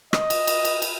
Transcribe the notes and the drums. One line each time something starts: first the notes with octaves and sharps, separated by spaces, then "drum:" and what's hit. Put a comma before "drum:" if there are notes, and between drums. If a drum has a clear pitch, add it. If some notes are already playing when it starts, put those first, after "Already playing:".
D#5, drum: rim click
drum: cymbal
drum: cymbal
drum: cymbal
drum: cymbal